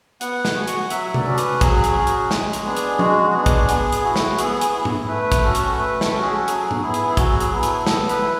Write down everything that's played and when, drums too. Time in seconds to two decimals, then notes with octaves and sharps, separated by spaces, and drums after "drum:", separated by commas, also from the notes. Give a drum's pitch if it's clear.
0.21 B3 F#5, drum: hi-hat
0.45 drum: snare
0.56 F#4 G#5
0.68 F#5, drum: hi-hat
0.80 F#5
0.90 F#3 E5, drum: hi-hat
1.14 D5, drum: tom C3
1.25 C#4 F#4
1.33 A4
1.38 B4, drum: hi-hat
1.61 F#3 G#4, drum: kick, hi-hat
1.84 drum: hi-hat
1.96 C#4 F#4
2.07 drum: hi-hat
2.31 G#3, drum: snare
2.53 drum: hi-hat
2.65 B3 D4
2.77 drum: hi-hat
2.99 G#3 F#4, drum: tom F3
3.30 F#4
3.34 B3 D4 G#4
3.46 drum: kick, hi-hat
3.69 B3 G#4, drum: hi-hat
3.92 drum: hi-hat
4.04 E4 F#4
4.16 drum: snare
4.39 B3 G#4, drum: hi-hat
4.61 G#4, drum: hi-hat
4.73 E4
4.85 drum: tom G#2
5.08 A3 B4
5.32 drum: kick, hi-hat
5.43 C#4 F#4 A4
5.55 drum: hi-hat
5.77 A3 B4
6.01 drum: snare
6.13 C#4 F#4 A4
6.23 G#4
6.34 A4
6.48 F#3 G#4, drum: hi-hat
6.71 drum: tom G#2
6.83 B3 E4 G#4
6.94 drum: hi-hat
7.09 G#4
7.17 F#3 F#4, drum: kick, hi-hat
7.40 G#4, drum: hi-hat
7.52 B3 E4
7.63 A4, drum: hi-hat
7.87 B3 A4, drum: snare
8.09 B4, drum: hi-hat
8.22 E4